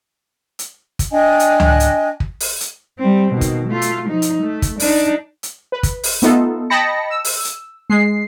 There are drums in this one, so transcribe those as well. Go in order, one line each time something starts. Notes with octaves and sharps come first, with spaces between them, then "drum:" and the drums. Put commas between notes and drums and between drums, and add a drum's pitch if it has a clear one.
drum: hi-hat
drum: kick, hi-hat
D4 D#5 G5 G#5
drum: hi-hat
drum: tom C#2
drum: hi-hat
drum: kick
drum: open hi-hat
drum: hi-hat
G3 C4
B2 D#3
drum: kick, hi-hat
A3 F4
drum: hi-hat
F3 D#4
drum: hi-hat
A3
drum: kick, hi-hat
D4 D#4, drum: open hi-hat
drum: hi-hat
B4
drum: kick, hi-hat
drum: open hi-hat
A3 B3 D#4 F4 A4, drum: hi-hat
D#5 G5 A5 B5 A#6 C#7
E6
drum: open hi-hat
drum: hi-hat
G#3 C7